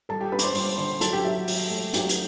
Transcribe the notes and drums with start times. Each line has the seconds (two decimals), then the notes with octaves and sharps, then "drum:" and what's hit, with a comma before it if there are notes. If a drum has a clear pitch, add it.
0.09 G3 A4 A5
0.20 G4 G5
0.32 D4 B4 B5
0.39 D6, drum: hi-hat
0.43 C5 C6
0.55 G3 C5 C6, drum: open hi-hat
0.78 D3 C5 C6
1.01 F#3 A4 A5, drum: hi-hat
1.13 G4 G5
1.24 F#3 E5
1.48 F#3, drum: open hi-hat
1.70 A3
1.94 F#3 G4 G5, drum: hi-hat
2.09 drum: hi-hat